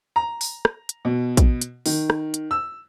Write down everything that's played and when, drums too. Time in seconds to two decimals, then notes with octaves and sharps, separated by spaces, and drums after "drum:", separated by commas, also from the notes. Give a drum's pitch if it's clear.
0.16 A#5
0.41 drum: open hi-hat
0.65 drum: rim click
0.89 drum: hi-hat
1.05 B2
1.37 drum: kick, hi-hat
1.61 drum: hi-hat
1.86 D#3, drum: open hi-hat
2.10 drum: rim click
2.34 drum: hi-hat
2.51 E6